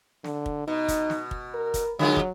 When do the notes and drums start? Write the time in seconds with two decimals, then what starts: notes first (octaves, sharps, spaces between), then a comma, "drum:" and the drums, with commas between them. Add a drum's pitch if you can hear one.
0.24 D3, drum: snare
0.46 drum: kick
0.68 B2 D#4
0.88 drum: kick, hi-hat
1.10 drum: snare
1.31 drum: kick
1.54 A#4
1.74 drum: kick, hi-hat
1.99 D3 F#3 G#3 F4
2.16 drum: kick